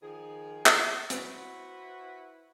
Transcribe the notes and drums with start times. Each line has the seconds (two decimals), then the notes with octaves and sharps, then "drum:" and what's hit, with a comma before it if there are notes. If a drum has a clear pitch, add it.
0.02 D#3 F3 G#4
0.66 drum: clap
1.10 E4 F#4 B4 C5 F#5, drum: hi-hat